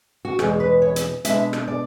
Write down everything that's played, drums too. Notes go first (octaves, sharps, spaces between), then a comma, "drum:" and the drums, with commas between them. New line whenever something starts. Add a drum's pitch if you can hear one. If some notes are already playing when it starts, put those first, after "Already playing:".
F#4
E2 B2 G#3 G#4, drum: rim click
B4
C#5
drum: hi-hat
B2 G#3 D4 E5, drum: hi-hat
drum: rim click
D5